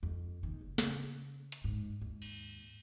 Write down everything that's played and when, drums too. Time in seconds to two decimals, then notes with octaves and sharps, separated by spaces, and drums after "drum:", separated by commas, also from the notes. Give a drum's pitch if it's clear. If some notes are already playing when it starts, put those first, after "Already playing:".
0.03 F2
0.43 D#1 D#3
0.61 F#1
0.78 C#3, drum: snare
1.52 drum: hi-hat
1.64 G#2
2.01 D#2 G#2
2.22 drum: cymbal